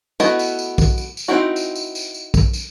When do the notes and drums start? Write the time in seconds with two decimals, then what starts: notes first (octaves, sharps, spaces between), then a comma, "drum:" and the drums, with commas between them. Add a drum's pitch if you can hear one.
0.20 A3 B3 E4 F#4 D#5, drum: tambourine
0.39 drum: tambourine
0.59 drum: tambourine
0.78 drum: kick, tambourine
0.98 drum: tambourine
1.17 drum: tambourine
1.28 C4 D#4 E4 F#4
1.56 drum: tambourine
1.76 drum: tambourine
1.95 drum: tambourine
2.14 drum: tambourine
2.34 drum: kick, tambourine
2.53 drum: tambourine